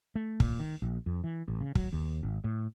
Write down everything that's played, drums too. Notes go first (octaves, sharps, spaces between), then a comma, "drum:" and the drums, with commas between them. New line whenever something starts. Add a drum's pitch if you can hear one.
A3
A#2, drum: kick
D#3
A#1
F2
E3
A1
C#3
F#3, drum: kick
D#2
G#1
A2